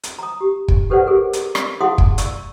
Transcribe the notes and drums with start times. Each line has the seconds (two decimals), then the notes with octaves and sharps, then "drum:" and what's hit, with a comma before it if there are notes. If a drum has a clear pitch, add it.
0.03 drum: hi-hat
0.19 A#5 D#6
0.41 G4
0.68 drum: kick
0.90 G4 A4 B4 C5 D5 F#5
1.07 G4 G#4 A#4
1.33 drum: hi-hat
1.55 drum: rim click
1.81 E4 G#4 F5 F#5 C6 D#6
1.98 drum: kick
2.18 D5 C#6 E6, drum: hi-hat